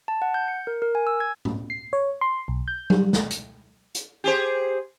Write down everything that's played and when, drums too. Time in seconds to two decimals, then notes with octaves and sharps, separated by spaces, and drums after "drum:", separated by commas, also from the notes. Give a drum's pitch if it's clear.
0.08 A5
0.22 F#5
0.34 G6
0.48 C#7
0.67 A#4
0.82 A#4
0.95 G#5
1.07 E6
1.20 G#6
1.45 drum: tom
1.70 C7
1.93 C#5
2.21 C6
2.48 B1
2.68 G6
2.90 G3, drum: tom F#3
3.13 drum: snare
3.31 drum: hi-hat
3.95 drum: hi-hat
4.24 G4 G#4 C5